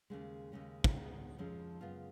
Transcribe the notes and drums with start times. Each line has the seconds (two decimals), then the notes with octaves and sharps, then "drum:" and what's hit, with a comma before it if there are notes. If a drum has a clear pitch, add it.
0.10 D#2 C#3 G#3
0.52 D#2 C#3 G#3 C#4
0.84 drum: kick
0.96 B2 G#3 B3 D#4
1.38 F2 F3 G#3 C#4
1.81 F#2 C#3 G#3 B3 F4